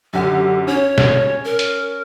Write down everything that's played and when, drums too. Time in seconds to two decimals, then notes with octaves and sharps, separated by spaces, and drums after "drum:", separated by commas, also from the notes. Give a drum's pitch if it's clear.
0.13 F#2 D3 G4
0.67 C#4 C#5
0.98 drum: snare
1.44 A#4
1.59 drum: hi-hat